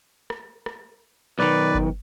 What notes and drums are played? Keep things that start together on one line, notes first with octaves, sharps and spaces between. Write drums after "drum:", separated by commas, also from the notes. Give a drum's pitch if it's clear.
drum: rim click
drum: rim click
B1 D#3 B4 D5
drum: kick G1